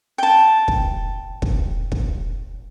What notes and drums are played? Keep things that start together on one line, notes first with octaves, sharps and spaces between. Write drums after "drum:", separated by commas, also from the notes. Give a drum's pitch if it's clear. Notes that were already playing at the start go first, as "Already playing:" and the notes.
G5 A5
drum: kick
drum: kick
drum: kick